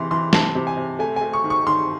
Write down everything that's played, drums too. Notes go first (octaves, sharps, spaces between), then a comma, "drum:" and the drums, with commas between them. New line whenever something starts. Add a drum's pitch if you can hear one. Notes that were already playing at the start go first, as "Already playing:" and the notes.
Already playing: C3 E3 C6
E3 C6
C3 A5, drum: snare
C3
G#5
C3
A3 G#5
G#5
A3
C#6
D#3
C#6
D#3 C6